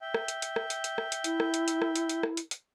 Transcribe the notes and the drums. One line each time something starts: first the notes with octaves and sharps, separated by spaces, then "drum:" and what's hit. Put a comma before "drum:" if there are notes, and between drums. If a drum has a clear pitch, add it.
E5 G5
drum: rim click
drum: hi-hat
drum: hi-hat
drum: rim click
drum: hi-hat
drum: hi-hat
drum: rim click
drum: hi-hat
E4, drum: hi-hat
drum: rim click
drum: hi-hat
drum: hi-hat
drum: rim click
drum: hi-hat
drum: hi-hat
drum: rim click
drum: hi-hat
drum: hi-hat